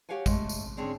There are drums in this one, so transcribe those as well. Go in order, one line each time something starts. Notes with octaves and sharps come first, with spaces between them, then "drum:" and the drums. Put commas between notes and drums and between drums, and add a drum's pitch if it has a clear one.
F#4 G4 C#5 F5 F#5 G#5
G#3 A3, drum: kick, tambourine
drum: tambourine
D3 C4 C#4 G#4